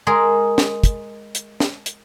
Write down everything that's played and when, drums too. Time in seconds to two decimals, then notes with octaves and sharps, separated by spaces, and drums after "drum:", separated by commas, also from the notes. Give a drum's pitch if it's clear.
0.07 G#3 G#4 A#4
0.58 drum: snare
0.84 drum: kick, hi-hat
1.35 drum: hi-hat
1.60 drum: snare
1.86 drum: hi-hat